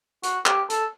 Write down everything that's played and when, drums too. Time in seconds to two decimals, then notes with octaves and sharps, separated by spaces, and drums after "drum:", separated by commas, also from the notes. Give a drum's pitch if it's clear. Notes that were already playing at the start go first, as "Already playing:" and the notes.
0.23 F#4, drum: hi-hat
0.46 G4, drum: clap
0.70 A4, drum: hi-hat